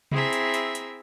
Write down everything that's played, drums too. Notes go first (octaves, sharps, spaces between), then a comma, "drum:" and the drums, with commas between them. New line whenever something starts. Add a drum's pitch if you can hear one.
C4 E4 G#4 E5 A#5, drum: tom C3
drum: hi-hat
drum: hi-hat
drum: hi-hat